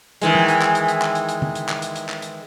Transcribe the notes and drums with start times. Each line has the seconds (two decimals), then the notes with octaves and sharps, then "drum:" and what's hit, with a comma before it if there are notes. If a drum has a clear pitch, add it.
0.22 D#3 E3 G#3, drum: hi-hat
0.35 drum: tom
0.48 drum: hi-hat
0.62 drum: clap
0.75 drum: hi-hat
0.88 drum: hi-hat
1.02 drum: clap
1.15 drum: hi-hat
1.29 drum: hi-hat
1.42 drum: tom
1.55 drum: hi-hat
1.69 drum: clap
1.82 drum: hi-hat
1.96 drum: hi-hat
2.09 drum: clap
2.22 drum: hi-hat